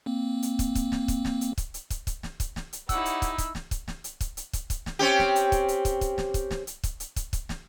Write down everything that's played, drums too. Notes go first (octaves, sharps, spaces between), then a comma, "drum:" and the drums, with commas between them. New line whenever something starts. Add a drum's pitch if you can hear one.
A#3 C4
drum: hi-hat
drum: kick, hi-hat
drum: kick, hi-hat
drum: snare
drum: kick, hi-hat
drum: snare
drum: hi-hat
drum: kick, hi-hat
drum: hi-hat
drum: kick, hi-hat
drum: kick, hi-hat
drum: snare
drum: kick, hi-hat
drum: snare
drum: hi-hat
D#4 E4 G4 C#5 F#5 E6, drum: kick, hi-hat
drum: hi-hat
drum: kick, hi-hat
drum: kick, hi-hat
drum: snare
drum: kick, hi-hat
drum: snare
drum: hi-hat
drum: kick, hi-hat
drum: hi-hat
drum: kick, hi-hat
drum: kick, hi-hat
drum: snare
C4 C#4 G4
drum: snare
drum: hi-hat
drum: kick, hi-hat
drum: hi-hat
drum: kick, hi-hat
drum: kick, hi-hat
drum: snare
drum: kick, hi-hat
drum: snare
drum: hi-hat
drum: kick, hi-hat
drum: hi-hat
drum: kick, hi-hat
drum: kick, hi-hat
drum: snare